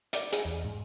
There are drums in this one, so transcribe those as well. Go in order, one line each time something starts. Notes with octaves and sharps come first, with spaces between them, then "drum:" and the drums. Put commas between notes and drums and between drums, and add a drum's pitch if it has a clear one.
D5, drum: hi-hat
G#4, drum: hi-hat
E2
G#2